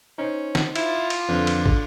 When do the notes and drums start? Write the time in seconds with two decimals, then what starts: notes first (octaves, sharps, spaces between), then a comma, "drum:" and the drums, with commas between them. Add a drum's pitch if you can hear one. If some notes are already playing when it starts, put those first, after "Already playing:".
0.18 C#4 D#4 C5
0.55 drum: snare
0.76 E4 F4, drum: cymbal
1.10 drum: cymbal
1.29 F2 D3 F3 B4
1.47 drum: cymbal
1.66 drum: kick